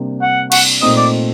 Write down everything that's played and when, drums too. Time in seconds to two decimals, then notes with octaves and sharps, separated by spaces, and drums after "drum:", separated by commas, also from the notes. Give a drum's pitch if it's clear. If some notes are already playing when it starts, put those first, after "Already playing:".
Already playing: C3 G3 A#3 D4
0.22 F#5
0.52 F#5, drum: cymbal
0.81 A#2 A3 C4 D#4 D#5
0.97 D5